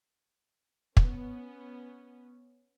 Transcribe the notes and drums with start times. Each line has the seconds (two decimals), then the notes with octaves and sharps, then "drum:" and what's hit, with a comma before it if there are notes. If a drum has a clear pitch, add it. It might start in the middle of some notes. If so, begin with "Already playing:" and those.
0.97 B3 C#4, drum: kick